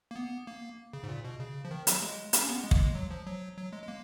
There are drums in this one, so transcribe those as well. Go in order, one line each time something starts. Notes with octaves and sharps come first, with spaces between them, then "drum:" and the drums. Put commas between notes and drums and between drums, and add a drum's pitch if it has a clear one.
A#3
B3
A#3
C#3
G#2
A#2
B2
C#3
F3
D#3
F#3, drum: hi-hat
G#3
A#3, drum: hi-hat
C#4
B3
G#3
A#3, drum: kick
G#3
F#3
F3
F#3
F#3
G#3
G#3
A#3